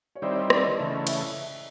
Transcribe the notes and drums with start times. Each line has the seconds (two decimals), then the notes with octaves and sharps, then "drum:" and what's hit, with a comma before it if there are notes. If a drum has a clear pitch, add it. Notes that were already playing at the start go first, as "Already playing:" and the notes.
0.15 C#5
0.22 D#3 G3 C4 E4 C5 D5
0.35 D#5
0.50 D5, drum: rim click
0.63 C#5 D#5
0.78 C#3 E3 A3
1.07 E5, drum: cymbal